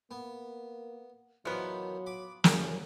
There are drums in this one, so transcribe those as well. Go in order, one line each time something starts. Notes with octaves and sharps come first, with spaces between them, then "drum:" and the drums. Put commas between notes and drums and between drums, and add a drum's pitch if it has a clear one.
A#3 B3
E2 D#3 F3 F#3 B3
B5 D6
C2 F#2 C#3 G#4, drum: snare